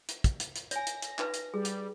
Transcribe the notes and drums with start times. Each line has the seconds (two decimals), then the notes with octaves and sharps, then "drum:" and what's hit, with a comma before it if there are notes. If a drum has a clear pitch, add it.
0.09 drum: hi-hat
0.24 drum: kick, hi-hat
0.40 drum: hi-hat
0.56 drum: hi-hat
0.71 C#5 G#5 A#6, drum: hi-hat
0.87 drum: hi-hat
1.02 drum: hi-hat
1.19 D#4 B4, drum: clap
1.34 drum: hi-hat
1.54 G3 G#4
1.65 drum: hi-hat